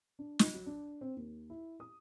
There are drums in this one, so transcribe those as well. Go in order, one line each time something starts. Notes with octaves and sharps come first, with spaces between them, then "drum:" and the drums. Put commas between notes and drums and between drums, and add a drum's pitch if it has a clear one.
D4
D#5, drum: snare
F#3
D4
C4
D#2
E4
D#6